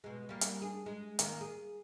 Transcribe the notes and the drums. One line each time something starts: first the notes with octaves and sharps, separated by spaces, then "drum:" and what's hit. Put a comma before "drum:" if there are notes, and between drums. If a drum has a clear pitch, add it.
B2 G#3
G3 A#3
drum: hi-hat
D4 G#4
G#3
D#3 A#3, drum: hi-hat
G#4